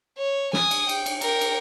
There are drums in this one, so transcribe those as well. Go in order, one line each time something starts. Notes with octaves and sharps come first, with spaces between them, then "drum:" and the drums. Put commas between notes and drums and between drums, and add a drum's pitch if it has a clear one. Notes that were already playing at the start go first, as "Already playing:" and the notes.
C#5
G#5 D#6, drum: snare
drum: cymbal
G5, drum: cymbal
drum: cymbal
A#4 G5, drum: cymbal
drum: cymbal